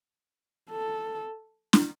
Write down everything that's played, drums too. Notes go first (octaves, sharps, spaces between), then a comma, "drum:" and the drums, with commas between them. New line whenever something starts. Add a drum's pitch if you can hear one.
A4
drum: snare